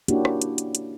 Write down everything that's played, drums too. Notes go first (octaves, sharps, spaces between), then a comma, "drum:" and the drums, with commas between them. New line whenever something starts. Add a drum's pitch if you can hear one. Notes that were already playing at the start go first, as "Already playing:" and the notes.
A#3 C#4 D4 E4 F#4 G4, drum: hi-hat
drum: rim click
drum: hi-hat
drum: hi-hat
drum: hi-hat